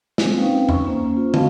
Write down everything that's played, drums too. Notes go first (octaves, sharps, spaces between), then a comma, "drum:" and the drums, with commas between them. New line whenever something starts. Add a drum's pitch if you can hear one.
G#3 A#3 C4 C#4 F4 C5, drum: snare
C4 C#4 D#4 B4 F5 G5
C#6, drum: tom
A#3 C#4 C5 A#5
F4
B3 C4 F#4 D#5 F5 A5, drum: tom